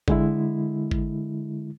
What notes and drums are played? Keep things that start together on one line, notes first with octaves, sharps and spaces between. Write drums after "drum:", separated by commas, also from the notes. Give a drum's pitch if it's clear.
D3 G#3 E4, drum: kick G#1
drum: kick G#1